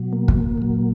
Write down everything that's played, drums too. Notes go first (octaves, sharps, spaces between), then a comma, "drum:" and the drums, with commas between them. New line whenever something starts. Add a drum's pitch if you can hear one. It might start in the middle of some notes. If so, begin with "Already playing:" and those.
Already playing: B2 F#3
A#3
drum: kick
A#2 F#3